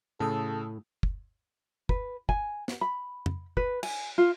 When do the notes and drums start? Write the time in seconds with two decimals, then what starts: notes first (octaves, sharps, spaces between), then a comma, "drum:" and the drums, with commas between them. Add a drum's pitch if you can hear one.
0.20 A2 C#3 A4 A5 D#6 E6
1.03 drum: kick
1.89 B4, drum: kick
2.29 G#5, drum: kick
2.68 drum: snare
2.81 B5
3.26 drum: tom
3.57 B4, drum: kick
3.83 G#5, drum: cymbal
4.18 F4